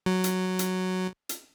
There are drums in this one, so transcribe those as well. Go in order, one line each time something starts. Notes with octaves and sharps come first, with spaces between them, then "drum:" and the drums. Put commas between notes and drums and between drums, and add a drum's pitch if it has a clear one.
F#3
drum: hi-hat
drum: hi-hat
drum: hi-hat